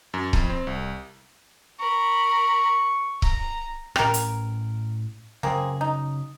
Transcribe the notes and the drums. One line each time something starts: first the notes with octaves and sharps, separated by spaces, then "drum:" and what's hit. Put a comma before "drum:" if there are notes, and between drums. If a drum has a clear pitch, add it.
F#2
F2, drum: kick C#1
C4
C2
A#4 B5 C#6
A#5, drum: kick C#1
A2 C#4 G4 A#4, drum: rim click
drum: hi-hat
C#3 F#3 A#3 C4 G#4
D#4